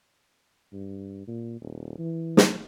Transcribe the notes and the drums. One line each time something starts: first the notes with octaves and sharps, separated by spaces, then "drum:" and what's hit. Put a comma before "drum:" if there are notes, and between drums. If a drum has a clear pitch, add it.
G2
A#2
D#1
E3
drum: snare